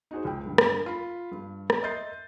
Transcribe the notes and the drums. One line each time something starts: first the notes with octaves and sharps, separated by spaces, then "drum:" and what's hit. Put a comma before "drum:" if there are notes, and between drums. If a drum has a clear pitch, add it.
D#4 F#4 G#4 C5
C#2 G5
G2 D3
drum: rim click
F4 B5
G2
drum: rim click
D#5 E5 C6 G6 A6 C7